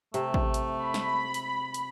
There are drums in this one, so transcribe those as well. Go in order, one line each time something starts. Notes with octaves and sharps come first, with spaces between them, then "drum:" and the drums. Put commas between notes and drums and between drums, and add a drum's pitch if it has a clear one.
C3 A3, drum: hi-hat
drum: kick
drum: hi-hat
B5
drum: snare
drum: hi-hat
drum: hi-hat